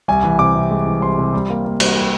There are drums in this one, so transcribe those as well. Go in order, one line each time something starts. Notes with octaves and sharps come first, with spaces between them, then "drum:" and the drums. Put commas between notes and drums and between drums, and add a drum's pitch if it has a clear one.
C2 G#5
E3
C3 D6
C3
G#3
E3
C2 C6
C3
G3
A#3
A#3
G3, drum: cymbal
G3